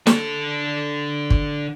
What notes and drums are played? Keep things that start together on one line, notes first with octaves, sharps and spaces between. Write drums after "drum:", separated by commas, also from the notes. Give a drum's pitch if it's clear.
D3 A4, drum: snare
drum: kick G1